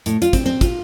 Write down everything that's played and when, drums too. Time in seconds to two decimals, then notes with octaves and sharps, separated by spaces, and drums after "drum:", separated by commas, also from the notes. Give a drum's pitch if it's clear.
0.06 A2, drum: hi-hat
0.22 F4, drum: hi-hat
0.33 C4, drum: kick, hi-hat
0.46 C4
0.61 F4, drum: kick, hi-hat